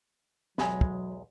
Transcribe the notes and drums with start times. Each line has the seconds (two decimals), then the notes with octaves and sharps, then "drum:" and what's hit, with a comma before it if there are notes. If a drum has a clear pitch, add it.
0.58 B1 E2 F#3 G#3 G#5 B5, drum: snare
0.81 drum: kick